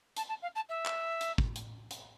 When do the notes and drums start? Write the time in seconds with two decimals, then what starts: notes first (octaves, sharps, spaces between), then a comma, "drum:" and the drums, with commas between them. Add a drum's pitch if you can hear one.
0.16 A5, drum: hi-hat
0.29 A5
0.42 F5
0.55 A5
0.69 E5
0.86 drum: clap
1.21 drum: hi-hat
1.38 drum: kick
1.56 drum: hi-hat
1.91 drum: hi-hat